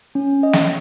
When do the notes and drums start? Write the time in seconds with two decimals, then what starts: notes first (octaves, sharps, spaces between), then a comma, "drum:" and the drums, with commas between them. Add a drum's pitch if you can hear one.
0.15 C#4
0.43 D#5
0.53 drum: snare